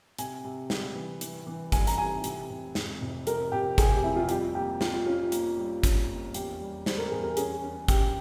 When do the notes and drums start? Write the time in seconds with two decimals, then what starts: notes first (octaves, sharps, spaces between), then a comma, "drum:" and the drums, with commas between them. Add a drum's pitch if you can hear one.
0.18 C3 G#5, drum: hi-hat
0.45 C3
0.70 G3, drum: snare
0.95 E3
1.21 E3, drum: hi-hat
1.47 E3
1.72 G3 G#5, drum: kick, hi-hat
1.87 A#5, drum: hi-hat
1.98 E3 G#5
2.24 C3, drum: hi-hat
2.49 F1
2.75 F2, drum: snare
3.01 F1
3.27 F2 A#4, drum: hi-hat
3.52 F1 G4
3.78 F1 G#4, drum: kick, hi-hat
3.91 G4
4.04 F2 E4
4.16 F4
4.29 G3 G4, drum: hi-hat
4.55 A#3 G4
4.81 G3 F4, drum: snare
5.06 C#4 F4
5.32 A#3, drum: hi-hat
5.58 G3
5.83 C#4, drum: kick, hi-hat
6.09 A#3
6.34 E2 G4, drum: hi-hat
6.60 G3
6.86 G3 C5, drum: snare
6.98 A#4
7.11 E2 G#4
7.23 A#4
7.37 C#4 G#4, drum: hi-hat
7.63 C#4
7.88 C#3 G4, drum: kick, hi-hat